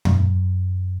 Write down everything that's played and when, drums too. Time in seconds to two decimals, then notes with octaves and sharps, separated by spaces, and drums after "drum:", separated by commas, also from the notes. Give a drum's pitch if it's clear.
0.05 F#2, drum: tom